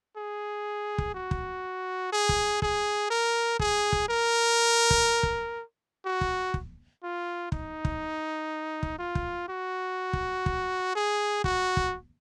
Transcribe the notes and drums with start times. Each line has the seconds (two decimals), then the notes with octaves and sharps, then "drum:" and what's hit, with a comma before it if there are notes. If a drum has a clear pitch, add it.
0.17 G#4
0.98 drum: kick
1.14 F#4
1.31 drum: kick
2.12 G#4
2.29 drum: kick
2.62 G#4, drum: kick
3.10 A#4
3.59 G#4, drum: kick
3.93 drum: kick
4.09 A#4
4.91 drum: kick
5.23 drum: kick
6.06 F#4
6.21 drum: kick
6.54 drum: kick
7.03 F4
7.52 D#4, drum: kick
7.85 drum: kick
8.83 drum: kick
8.99 F4
9.15 drum: kick
9.48 F#4
10.13 drum: kick
10.46 drum: kick
10.95 G#4
11.44 F#4, drum: kick
11.77 drum: kick